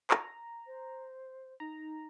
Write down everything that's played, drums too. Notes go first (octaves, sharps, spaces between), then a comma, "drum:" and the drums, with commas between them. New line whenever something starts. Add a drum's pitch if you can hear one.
A#5, drum: clap
C5
D#4 A#5